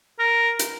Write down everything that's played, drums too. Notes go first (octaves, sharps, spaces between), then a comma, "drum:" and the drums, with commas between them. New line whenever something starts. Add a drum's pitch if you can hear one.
A#4
drum: hi-hat